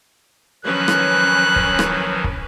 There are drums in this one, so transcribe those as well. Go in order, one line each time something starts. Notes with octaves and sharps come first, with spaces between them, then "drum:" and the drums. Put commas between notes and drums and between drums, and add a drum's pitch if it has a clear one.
D#3 F3 F#3 C#4 B4 F#6
drum: rim click
drum: kick
drum: rim click
drum: kick